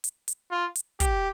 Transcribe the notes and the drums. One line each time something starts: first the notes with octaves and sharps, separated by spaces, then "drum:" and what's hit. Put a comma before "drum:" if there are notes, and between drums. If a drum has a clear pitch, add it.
drum: hi-hat
drum: hi-hat
F4
drum: hi-hat
G4, drum: kick, hi-hat